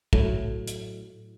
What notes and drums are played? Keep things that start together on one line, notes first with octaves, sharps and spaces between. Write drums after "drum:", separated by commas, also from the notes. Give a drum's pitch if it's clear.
A2 F#3 A3 E4, drum: kick
drum: hi-hat